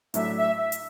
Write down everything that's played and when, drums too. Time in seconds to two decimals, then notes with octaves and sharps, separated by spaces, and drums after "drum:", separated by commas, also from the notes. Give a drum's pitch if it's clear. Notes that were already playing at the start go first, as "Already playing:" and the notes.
0.14 A2 F#3 A3 D4 E5, drum: hi-hat
0.36 E5
0.57 E5
0.72 drum: hi-hat